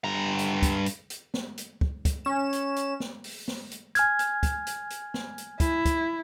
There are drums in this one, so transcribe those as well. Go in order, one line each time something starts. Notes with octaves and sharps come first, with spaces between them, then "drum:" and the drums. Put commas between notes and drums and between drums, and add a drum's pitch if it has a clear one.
G2 A#5
drum: hi-hat
drum: kick, hi-hat
drum: hi-hat
drum: hi-hat
drum: snare
drum: hi-hat
drum: kick
drum: kick, hi-hat
C#4 E7
drum: hi-hat
drum: hi-hat
drum: snare
drum: open hi-hat
drum: snare
drum: hi-hat
G#5 F6 G#6, drum: hi-hat
drum: hi-hat
drum: kick, hi-hat
drum: hi-hat
drum: hi-hat
drum: snare
drum: hi-hat
E4, drum: kick, hi-hat
drum: kick, hi-hat